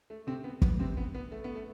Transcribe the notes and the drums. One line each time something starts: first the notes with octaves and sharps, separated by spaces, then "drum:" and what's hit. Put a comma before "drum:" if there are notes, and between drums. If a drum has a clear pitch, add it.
A3
C3 C4
B3
B3, drum: kick
C3 C4
B3
B3
A3
B3
A3